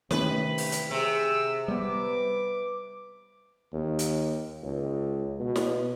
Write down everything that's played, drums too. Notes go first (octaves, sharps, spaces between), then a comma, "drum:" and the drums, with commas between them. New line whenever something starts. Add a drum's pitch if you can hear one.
C3 D#3 A3 C#4 B4, drum: snare
drum: open hi-hat
drum: hi-hat
C3 G#4 E6
G3 B3 B4 D6
D#2
drum: hi-hat
C#2
B2
drum: snare